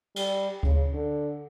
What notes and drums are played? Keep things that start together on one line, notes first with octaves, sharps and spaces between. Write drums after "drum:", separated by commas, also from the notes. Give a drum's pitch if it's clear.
G3, drum: cymbal
C#3, drum: kick D2
D3